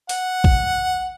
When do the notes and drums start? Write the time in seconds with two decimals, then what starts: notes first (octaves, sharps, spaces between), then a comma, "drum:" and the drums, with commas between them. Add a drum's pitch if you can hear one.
0.09 F#5, drum: open hi-hat
0.44 drum: kick